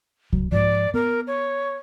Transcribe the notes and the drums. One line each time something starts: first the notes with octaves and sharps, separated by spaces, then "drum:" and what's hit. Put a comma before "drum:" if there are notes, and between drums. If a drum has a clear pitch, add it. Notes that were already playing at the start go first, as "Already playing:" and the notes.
F#3, drum: kick C2
G#2 F3 D5
B3 A#4
C#5